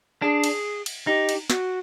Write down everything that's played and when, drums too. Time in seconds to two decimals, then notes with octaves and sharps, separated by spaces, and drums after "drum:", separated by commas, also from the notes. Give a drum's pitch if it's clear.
0.22 D4 G#4
0.44 drum: cymbal
0.86 drum: cymbal
1.07 D#4 G4
1.29 drum: cymbal
1.50 F#4, drum: snare